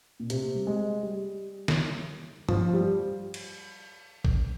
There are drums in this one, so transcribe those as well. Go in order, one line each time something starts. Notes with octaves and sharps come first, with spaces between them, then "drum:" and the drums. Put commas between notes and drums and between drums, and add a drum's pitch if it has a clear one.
A#2
C3, drum: hi-hat
G3
G#3
G3
drum: snare
F3, drum: tom G2
G3
drum: cymbal
drum: kick